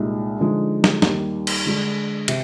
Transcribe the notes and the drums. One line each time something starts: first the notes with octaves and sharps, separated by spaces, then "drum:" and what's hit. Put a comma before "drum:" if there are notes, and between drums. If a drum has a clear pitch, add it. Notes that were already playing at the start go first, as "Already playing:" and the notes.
Already playing: C2 A#2 G#3 D#4
D3 F3 G#3 D#4
drum: snare
D#2 D#3 G3, drum: snare
drum: cymbal
D3 G#3 D4
C3, drum: cymbal